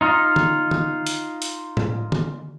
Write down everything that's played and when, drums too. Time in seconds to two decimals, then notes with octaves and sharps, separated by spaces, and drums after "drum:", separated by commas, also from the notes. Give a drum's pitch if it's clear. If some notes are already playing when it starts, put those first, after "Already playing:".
0.01 D#4 F4
0.36 drum: tom D3
0.71 drum: tom D3
1.07 drum: hi-hat
1.42 drum: hi-hat
1.77 drum: tom A2
2.12 drum: tom D3